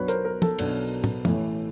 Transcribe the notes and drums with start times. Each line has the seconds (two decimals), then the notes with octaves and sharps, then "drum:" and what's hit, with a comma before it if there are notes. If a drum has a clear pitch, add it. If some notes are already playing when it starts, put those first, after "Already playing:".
Already playing: B1 B2 F#3 B3 D4 B4 C#5
0.08 A#4 C5, drum: hi-hat
0.25 A#4
0.42 A4, drum: tom
0.59 B1 B2 F#3 B3 D4, drum: cymbal
1.04 drum: tom
1.25 A1 A2 E3, drum: tom